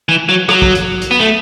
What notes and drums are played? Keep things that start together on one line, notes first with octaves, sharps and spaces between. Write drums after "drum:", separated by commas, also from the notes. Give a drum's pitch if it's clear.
E3
F#3
F#3, drum: rim click
drum: kick
drum: hi-hat
drum: hi-hat
B3
A3